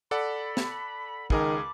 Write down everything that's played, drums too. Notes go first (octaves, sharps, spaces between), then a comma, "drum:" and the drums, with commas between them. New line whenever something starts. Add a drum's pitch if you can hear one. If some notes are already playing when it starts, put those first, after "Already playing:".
A4 D5 F#5 B5
drum: snare
C#2 D#3 G#4 A#4 A5 B5 D6, drum: kick